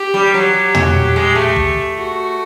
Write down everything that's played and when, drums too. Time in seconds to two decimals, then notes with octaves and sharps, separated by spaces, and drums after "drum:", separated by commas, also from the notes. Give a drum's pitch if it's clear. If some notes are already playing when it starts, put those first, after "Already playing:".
Already playing: G4
0.14 G3
0.33 F#3 G4
0.75 drum: tom
1.16 G#3
1.35 A3
1.56 drum: kick
1.97 F#4